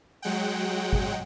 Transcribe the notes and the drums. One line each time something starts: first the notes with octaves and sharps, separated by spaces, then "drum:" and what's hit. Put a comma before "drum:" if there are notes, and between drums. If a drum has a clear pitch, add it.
F#3 G#3 F#5 G5
drum: kick